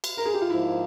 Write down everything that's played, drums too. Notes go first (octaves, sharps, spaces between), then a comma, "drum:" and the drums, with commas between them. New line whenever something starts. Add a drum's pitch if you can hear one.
drum: cymbal
A#4
G#4
G4
F4
G#2 F3 A#3 E4